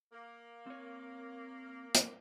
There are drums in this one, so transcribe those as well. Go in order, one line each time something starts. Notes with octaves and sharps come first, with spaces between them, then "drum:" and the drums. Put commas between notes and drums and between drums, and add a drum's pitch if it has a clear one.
A#3
C4 C#5
drum: hi-hat